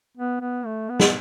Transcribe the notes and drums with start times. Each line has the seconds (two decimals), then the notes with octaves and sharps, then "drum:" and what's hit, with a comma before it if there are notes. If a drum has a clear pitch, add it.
0.18 B3
0.41 B3
0.66 A3
0.90 B3
1.00 drum: snare